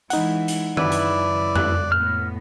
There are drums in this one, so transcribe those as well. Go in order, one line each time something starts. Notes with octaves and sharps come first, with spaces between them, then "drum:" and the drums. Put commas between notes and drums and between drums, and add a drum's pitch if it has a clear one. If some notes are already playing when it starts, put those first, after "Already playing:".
E3 G#3 D#4 E4 F#5, drum: hi-hat
drum: hi-hat
F#2 C#3 E4 B4 D5, drum: tom D#3
drum: hi-hat
F#6, drum: tom F2
A2 B3 F6